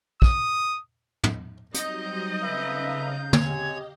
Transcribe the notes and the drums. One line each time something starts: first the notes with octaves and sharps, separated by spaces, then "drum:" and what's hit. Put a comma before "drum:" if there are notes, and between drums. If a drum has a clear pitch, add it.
D#6, drum: kick
drum: tom
F#3 G3 C4 D#4 D#5 G6, drum: hi-hat
C#3 A4 B4 E5 F5 A#5
C4 G4 C#5 D#5 G#5 G#6, drum: tom